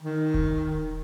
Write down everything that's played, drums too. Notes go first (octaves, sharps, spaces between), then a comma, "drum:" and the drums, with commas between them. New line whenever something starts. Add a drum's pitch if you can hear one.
D#3
drum: kick D#1